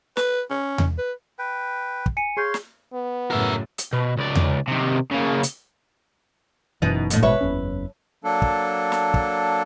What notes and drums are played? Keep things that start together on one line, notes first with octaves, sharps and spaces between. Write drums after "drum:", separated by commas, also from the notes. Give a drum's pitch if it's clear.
B4, drum: snare
C#4
drum: tom E2
B4
B4 G5
drum: kick
G#5 C#7 D#7
G#4 C#5 F5 C6 G6
drum: snare
B3
F#2 A2 C#3 A#4 E5
drum: hi-hat
B2
C#2 D5
drum: tom E2
C3 D#3
C#3 A#3
drum: hi-hat
F#1 F#2 B2 E3 B3 D#4
D#2 A2, drum: hi-hat
G#1 B2 G#3 B4 C#5 E5
F#1 E2 C#4
F#3 A#3 D4 A4
drum: kick
drum: snare
drum: kick